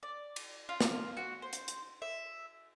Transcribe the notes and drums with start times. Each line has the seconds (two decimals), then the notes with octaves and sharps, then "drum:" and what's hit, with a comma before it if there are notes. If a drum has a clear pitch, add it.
0.03 D5
0.36 drum: cymbal
0.69 F4
0.81 drum: snare
1.17 F#4
1.42 C5
1.53 drum: hi-hat
1.68 drum: hi-hat
2.02 E5